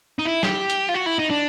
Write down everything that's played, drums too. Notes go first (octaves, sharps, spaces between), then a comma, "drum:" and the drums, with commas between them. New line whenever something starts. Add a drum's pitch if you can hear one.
D#4
E4
G4, drum: snare
drum: hi-hat
F4
F#4
E4
D#4
D4